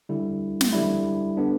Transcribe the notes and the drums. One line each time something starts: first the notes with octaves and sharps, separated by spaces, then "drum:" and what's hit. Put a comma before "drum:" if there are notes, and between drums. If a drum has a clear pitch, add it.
D3 G3 E4
drum: snare
D3 G3 E4
D3 B3 D4